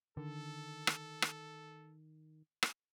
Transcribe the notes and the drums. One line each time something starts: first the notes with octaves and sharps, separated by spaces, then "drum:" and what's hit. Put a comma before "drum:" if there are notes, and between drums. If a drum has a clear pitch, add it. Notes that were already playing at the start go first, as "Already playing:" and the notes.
D3 D#3 A4
drum: rim click
drum: rim click
drum: rim click